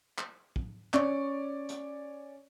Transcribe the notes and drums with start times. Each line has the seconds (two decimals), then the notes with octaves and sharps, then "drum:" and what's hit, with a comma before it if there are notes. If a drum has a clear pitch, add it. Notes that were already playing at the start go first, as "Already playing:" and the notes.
0.18 drum: clap
0.56 drum: kick
0.94 C#4 D5 C#6, drum: clap
1.69 drum: hi-hat